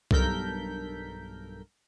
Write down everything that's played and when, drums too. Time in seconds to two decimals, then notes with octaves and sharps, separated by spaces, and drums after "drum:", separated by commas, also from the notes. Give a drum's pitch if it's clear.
0.11 B1 G2 A4 A#4 G6 B6, drum: kick C2